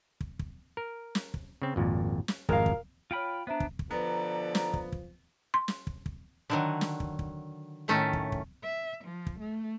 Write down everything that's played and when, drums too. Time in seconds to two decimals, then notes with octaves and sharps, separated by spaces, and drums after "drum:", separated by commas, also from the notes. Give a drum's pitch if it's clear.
0.21 drum: kick
0.39 drum: kick
0.77 A#4
1.15 drum: snare
1.34 drum: kick
1.62 C#3 C4
1.76 G#1 F2 A#2
2.28 drum: snare
2.49 G#1 F2 G#3 A#4 F5, drum: kick
2.66 drum: kick
3.11 F4 C#5 G5 B5 F6 D7
3.47 B3 D4 C5 E5 A#5
3.60 drum: kick
3.79 drum: kick
3.91 B2 D3 F3 B3 D5 A#5
4.55 drum: snare
4.74 drum: kick
4.92 drum: kick
5.54 C6
5.68 drum: snare
5.87 drum: kick
6.06 drum: kick
6.50 D3 D#3 F#3
6.81 drum: snare
7.00 drum: kick
7.19 drum: kick
7.88 A2 D#3 A3 C#4
8.13 drum: kick
8.32 drum: kick
8.63 E5
9.04 F3
9.27 drum: kick
9.39 A3